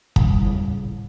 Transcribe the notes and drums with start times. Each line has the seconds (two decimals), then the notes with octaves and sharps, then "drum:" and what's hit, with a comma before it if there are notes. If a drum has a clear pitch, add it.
0.16 G3, drum: kick
0.45 E2 A2 C#3